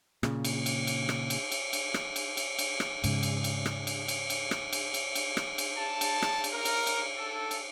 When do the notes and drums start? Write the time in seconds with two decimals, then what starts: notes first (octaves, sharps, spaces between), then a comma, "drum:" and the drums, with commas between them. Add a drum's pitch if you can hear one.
0.23 A#2 C#3, drum: rim click
0.44 drum: cymbal
0.66 drum: cymbal
0.87 drum: cymbal
1.09 drum: rim click
1.30 drum: cymbal
1.52 drum: cymbal
1.73 drum: cymbal
1.94 drum: rim click
2.16 drum: cymbal
2.37 drum: cymbal
2.59 drum: cymbal
2.80 drum: rim click
3.04 G#2 C#3, drum: cymbal
3.23 drum: cymbal
3.44 drum: cymbal
3.66 drum: rim click
3.87 drum: cymbal
4.08 drum: cymbal
4.30 drum: cymbal
4.51 drum: rim click
4.73 drum: cymbal
4.94 drum: cymbal
5.15 drum: cymbal
5.37 drum: rim click
5.58 drum: cymbal
5.78 A5
6.01 drum: cymbal
6.22 drum: rim click
6.44 drum: cymbal
6.53 A#4
6.65 drum: cymbal
6.87 drum: cymbal
7.17 A4
7.51 drum: cymbal